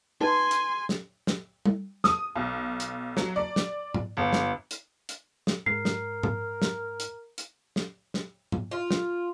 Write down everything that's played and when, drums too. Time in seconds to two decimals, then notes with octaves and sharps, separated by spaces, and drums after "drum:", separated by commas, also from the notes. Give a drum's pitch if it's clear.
0.21 D#4 B4 G#5 A5 C6
0.51 drum: hi-hat
0.89 drum: snare
1.27 drum: snare
1.65 drum: tom
2.04 D#6, drum: snare
2.35 B1
2.80 drum: hi-hat
3.17 F#3, drum: snare
3.36 D5
3.56 drum: snare
3.94 drum: tom G#2
4.17 G1
4.33 drum: snare
4.71 drum: hi-hat
5.09 drum: hi-hat
5.47 drum: snare
5.66 G#2 A#4 C7
5.85 drum: snare
6.23 drum: tom G#2
6.62 drum: snare
7.00 drum: hi-hat
7.38 drum: hi-hat
7.76 drum: snare
8.14 drum: snare
8.52 drum: tom G#2
8.71 F4
8.91 drum: snare